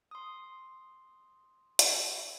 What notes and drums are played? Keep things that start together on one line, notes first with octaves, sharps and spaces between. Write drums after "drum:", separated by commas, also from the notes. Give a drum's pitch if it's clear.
C6 D#6
drum: hi-hat